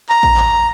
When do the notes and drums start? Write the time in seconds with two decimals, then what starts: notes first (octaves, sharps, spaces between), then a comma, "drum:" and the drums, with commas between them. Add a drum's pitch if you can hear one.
0.09 A#5, drum: clap
0.23 drum: kick A1
0.37 drum: clap